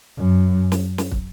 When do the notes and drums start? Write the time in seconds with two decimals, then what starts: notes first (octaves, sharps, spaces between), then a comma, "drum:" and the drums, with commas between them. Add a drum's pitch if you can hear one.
0.18 F#2
0.72 drum: snare
0.98 drum: snare
1.12 drum: kick